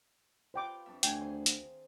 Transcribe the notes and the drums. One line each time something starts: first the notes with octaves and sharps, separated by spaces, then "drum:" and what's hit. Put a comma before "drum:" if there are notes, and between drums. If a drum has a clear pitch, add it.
F4 B4 C5 G5 D6
F2 D4 E5
D2 G5 G#5, drum: hi-hat
D#3 G#4 C5
drum: hi-hat